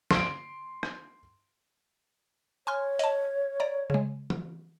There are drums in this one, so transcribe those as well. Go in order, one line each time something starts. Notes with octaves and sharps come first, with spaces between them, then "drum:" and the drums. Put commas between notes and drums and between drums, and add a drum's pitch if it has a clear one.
C6 D7, drum: snare
drum: rim click
C#5 G#5 C6 F6
D#5 A5, drum: hi-hat
D5 A#5
C#3 G#3
drum: tom E3